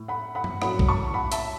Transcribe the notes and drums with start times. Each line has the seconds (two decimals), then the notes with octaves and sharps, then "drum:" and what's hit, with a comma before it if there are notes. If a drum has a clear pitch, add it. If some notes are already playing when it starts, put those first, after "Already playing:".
Already playing: A2 A3
0.08 F#5 B5
0.35 F#5 B5
0.44 drum: tom G2
0.62 A2 F#3 A3 C#4 E4 F#5 B5, drum: rim click
0.79 drum: kick
0.89 A5 C#6
1.14 F#5 B5
1.32 E5 A5, drum: hi-hat